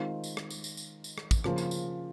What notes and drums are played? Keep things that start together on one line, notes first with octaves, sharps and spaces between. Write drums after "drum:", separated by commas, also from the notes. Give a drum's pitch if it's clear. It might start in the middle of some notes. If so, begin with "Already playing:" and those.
Already playing: D#3 G#3 C4 F4 A#4
drum: tambourine
drum: rim click
drum: tambourine
drum: tambourine
drum: tambourine
drum: tambourine
drum: rim click
drum: kick, tambourine
C#3 F3 A#3, drum: rim click
drum: tambourine
drum: tambourine